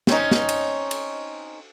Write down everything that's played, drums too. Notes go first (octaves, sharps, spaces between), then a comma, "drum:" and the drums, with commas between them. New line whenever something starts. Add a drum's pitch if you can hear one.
C4 C#4 D#4, drum: snare
drum: snare
drum: cymbal
drum: cymbal